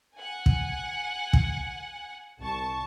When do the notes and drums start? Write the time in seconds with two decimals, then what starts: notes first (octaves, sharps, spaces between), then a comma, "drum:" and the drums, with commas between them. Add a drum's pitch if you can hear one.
0.17 F#5 G#5
0.46 drum: kick
1.33 drum: kick
2.41 C2 A5 C#6